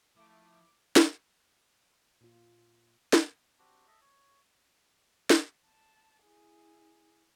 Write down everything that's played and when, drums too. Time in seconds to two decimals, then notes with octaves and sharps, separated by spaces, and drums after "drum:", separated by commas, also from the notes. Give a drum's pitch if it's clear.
0.16 F3 A3 E4 D6
0.96 drum: snare
2.21 A#2 F4
3.13 drum: snare
3.58 C4 D4 F#4 G4
3.87 A4 D#5 E5
4.01 C#5
5.30 drum: snare
5.66 A5
6.24 E4 G#4